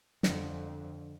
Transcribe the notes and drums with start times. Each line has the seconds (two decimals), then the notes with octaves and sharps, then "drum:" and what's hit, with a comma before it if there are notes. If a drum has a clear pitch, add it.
0.23 F2 D3, drum: snare